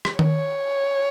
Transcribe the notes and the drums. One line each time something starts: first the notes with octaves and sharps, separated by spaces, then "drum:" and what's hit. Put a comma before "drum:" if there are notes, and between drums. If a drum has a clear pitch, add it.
drum: rim click
C#5, drum: tom D#3